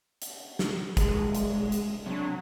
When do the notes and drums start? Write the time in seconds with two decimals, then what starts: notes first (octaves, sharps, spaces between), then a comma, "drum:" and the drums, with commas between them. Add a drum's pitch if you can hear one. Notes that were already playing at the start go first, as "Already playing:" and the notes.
0.22 drum: hi-hat
0.59 drum: snare
0.97 D#1 G#3, drum: kick, hi-hat
1.35 drum: hi-hat
1.72 drum: hi-hat
2.06 C3 F#3 D4